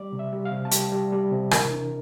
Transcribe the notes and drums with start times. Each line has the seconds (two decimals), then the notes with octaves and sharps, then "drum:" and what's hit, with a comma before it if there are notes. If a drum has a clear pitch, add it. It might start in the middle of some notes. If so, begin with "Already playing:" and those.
Already playing: G3 D5
0.12 C3
0.19 E5
0.33 G3
0.45 F5
0.52 C3
0.65 A5
0.71 G3 G5, drum: hi-hat
0.92 G3
1.12 G3
1.31 C3
1.51 E3 A#4, drum: rim click
1.71 D4